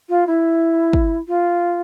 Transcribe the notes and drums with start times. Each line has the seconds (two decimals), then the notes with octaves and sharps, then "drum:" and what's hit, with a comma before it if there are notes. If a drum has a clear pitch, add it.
0.09 F4
0.27 E4
0.93 drum: kick
1.28 F4